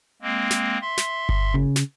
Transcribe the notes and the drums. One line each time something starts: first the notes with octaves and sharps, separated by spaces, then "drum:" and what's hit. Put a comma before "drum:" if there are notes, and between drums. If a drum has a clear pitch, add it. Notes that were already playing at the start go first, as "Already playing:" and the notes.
G#3 A#3 C4
drum: snare
E5 C6
drum: snare
drum: kick G1
C#3
drum: snare